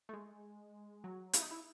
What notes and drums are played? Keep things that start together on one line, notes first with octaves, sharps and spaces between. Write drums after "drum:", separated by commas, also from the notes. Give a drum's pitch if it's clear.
A3
G#3
F#3
E4, drum: hi-hat
D#4
E4